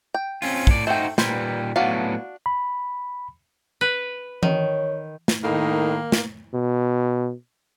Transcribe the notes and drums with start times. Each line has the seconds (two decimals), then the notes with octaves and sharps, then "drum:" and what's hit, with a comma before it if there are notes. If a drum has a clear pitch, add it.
0.14 G5
0.42 C4 C#4 F4, drum: open hi-hat
0.67 A2 D5, drum: kick
0.87 A3 D#4 F#4 C5 G5
1.18 A#2 G3 B4 C5, drum: snare
1.76 A2 F#3 B3 D4 F#4 F5
2.46 B5
3.81 B4
4.43 D#3 C#5, drum: tom E3
5.28 drum: snare
5.44 A2 D#3 A#3 D#4
6.12 drum: snare
6.54 B2